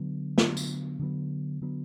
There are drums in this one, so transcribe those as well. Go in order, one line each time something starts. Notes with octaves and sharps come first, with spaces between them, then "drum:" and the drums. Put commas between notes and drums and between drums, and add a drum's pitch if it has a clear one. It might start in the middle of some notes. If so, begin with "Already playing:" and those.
Already playing: D3 F#3 B3
D3 F#3 B3, drum: snare
drum: tambourine
D3 F#3 B3
D3 F#3 B3